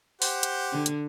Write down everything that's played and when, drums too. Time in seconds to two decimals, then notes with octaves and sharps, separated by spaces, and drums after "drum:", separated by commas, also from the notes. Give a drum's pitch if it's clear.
0.22 G4 C5 F#5, drum: open hi-hat
0.43 drum: hi-hat
0.72 D3
0.86 drum: hi-hat